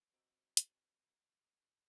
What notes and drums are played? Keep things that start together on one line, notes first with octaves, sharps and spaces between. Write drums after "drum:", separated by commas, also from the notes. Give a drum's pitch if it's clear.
C4 F#4 D#5 A#5 E6 D7
drum: hi-hat